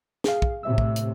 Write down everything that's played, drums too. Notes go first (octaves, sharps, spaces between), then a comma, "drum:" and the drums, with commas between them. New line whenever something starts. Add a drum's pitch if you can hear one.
G#4 F5, drum: snare
drum: kick
A2 C3 E5 E6
drum: kick
drum: hi-hat